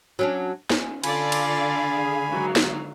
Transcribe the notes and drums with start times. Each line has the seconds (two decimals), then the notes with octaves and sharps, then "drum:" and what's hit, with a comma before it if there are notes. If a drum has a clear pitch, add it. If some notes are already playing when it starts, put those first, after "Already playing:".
0.19 F#3 C#4 D4
0.70 C#4, drum: snare
1.04 D3 F4 A4 D5 F5 G#5 B5, drum: cymbal
1.32 drum: cymbal
1.90 G#4
2.30 G#2 D#3 F#3
2.56 drum: snare